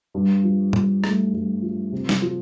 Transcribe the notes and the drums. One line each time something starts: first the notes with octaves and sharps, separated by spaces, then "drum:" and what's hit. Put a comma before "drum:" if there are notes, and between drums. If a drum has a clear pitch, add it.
G2
F3
G2, drum: tom G#2
A3, drum: rim click
G2
F3
C3
drum: snare
F3